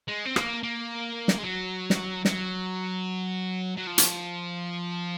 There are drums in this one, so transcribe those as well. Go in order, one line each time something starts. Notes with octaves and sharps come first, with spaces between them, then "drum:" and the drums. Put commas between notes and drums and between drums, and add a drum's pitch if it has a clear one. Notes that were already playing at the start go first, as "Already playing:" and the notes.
G#3
C4
A#3, drum: rim click
A#3
drum: snare
G#3
F#3
drum: snare
F#3, drum: snare
F#3
F3
drum: hi-hat